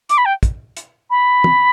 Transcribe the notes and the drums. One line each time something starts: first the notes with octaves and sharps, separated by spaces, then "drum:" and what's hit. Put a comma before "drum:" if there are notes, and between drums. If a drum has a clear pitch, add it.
D6, drum: hi-hat
B5
G5
drum: kick, hi-hat
drum: hi-hat
B5
drum: tom